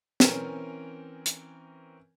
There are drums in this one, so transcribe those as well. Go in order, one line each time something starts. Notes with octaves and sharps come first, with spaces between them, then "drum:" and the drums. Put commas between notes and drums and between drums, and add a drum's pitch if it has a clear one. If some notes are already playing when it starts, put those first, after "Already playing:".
E3 C4 C#4 A#4, drum: snare
drum: hi-hat